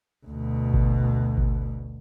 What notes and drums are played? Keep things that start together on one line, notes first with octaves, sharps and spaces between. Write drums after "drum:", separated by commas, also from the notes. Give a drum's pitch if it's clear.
D2 B2
drum: kick G#1
drum: kick G#1